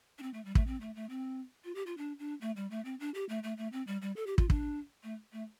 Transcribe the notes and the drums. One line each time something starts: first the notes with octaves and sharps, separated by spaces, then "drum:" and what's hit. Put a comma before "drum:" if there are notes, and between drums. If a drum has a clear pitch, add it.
D4
C4
A3
G3
A3, drum: kick
C4
A3
A3
C4
F4
G4
F4
D4
D4
A3
G3
A3
C4
D4
G4
A3
A3
A3
C4
G3
G3
A4
G4
F4, drum: kick
D4, drum: kick
A3
A3